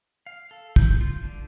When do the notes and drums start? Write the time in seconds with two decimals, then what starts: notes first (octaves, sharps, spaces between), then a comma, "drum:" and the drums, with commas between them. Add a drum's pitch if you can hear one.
0.26 F5
0.51 A4
0.76 G6, drum: kick
1.01 F4
1.23 D3